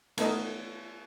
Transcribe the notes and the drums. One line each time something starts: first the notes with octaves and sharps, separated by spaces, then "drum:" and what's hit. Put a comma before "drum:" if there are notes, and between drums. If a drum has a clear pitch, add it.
A3 B3 D#4 A4 A#4 D#5, drum: cymbal